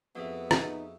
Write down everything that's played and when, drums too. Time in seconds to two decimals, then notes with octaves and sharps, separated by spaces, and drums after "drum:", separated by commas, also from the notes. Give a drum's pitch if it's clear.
0.15 F2 B3 F#4 G#4 E5
0.51 D#4, drum: rim click